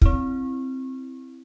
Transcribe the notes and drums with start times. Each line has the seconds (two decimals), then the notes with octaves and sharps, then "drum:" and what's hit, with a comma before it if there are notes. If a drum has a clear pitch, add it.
0.02 C4 E4, drum: kick